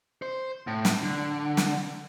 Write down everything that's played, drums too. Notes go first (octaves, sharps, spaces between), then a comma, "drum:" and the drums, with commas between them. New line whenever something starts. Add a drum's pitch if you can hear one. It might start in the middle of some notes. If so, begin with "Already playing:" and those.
C5
A2
drum: snare
D3
drum: snare